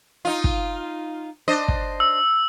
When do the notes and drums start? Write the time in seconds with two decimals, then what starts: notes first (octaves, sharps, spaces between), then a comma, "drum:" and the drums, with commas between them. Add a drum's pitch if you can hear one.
0.25 D#4 F4
0.44 drum: kick
1.48 D4 C5 D#5
1.68 drum: kick
2.00 E6